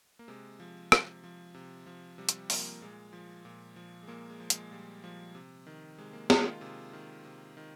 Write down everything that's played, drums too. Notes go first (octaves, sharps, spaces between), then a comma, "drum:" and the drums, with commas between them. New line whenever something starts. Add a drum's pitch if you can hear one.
A#3
C3 G#3
F3
C3, drum: rim click
F3
C3
F3
C3 G3
drum: hi-hat
F3 A#3, drum: open hi-hat
A#2 G#3
F3
A#2
F3
G#3
A#2 A#3
G#3
F3
G#3, drum: hi-hat
A#2 G3
F3
C3
D#3
C3 G#3
A#3
D#3 G#3, drum: snare
F4
C3 G#4
D#3
C3
D#3